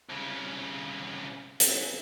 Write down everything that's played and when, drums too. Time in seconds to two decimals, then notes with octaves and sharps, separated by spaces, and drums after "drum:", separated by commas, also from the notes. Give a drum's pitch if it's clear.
0.10 C2 C#3
1.60 drum: hi-hat